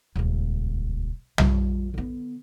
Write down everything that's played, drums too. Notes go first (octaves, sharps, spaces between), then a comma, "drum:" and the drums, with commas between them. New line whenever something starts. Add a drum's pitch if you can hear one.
D#1 C#2
G3 F4, drum: tom B1
D3 B3